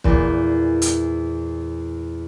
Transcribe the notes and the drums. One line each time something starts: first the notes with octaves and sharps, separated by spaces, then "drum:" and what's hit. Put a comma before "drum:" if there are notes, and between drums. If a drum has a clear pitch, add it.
E2 A#2 E6, drum: kick
drum: hi-hat